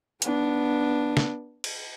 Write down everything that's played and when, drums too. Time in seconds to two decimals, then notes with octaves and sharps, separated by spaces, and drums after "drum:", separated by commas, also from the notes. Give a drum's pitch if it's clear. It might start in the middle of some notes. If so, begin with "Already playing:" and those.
0.22 B3 D4, drum: hi-hat
1.17 drum: snare
1.64 drum: cymbal